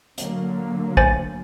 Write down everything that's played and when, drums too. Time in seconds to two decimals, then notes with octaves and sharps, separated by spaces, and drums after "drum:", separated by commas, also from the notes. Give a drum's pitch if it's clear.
0.18 D3 F#3 A#3, drum: hi-hat
0.97 C5 G#5 A6, drum: kick